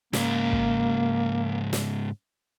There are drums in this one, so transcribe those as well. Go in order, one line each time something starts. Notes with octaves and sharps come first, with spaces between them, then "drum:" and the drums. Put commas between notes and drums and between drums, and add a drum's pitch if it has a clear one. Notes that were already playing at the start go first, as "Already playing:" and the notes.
G#2 C#3 A#3, drum: snare
drum: kick
drum: snare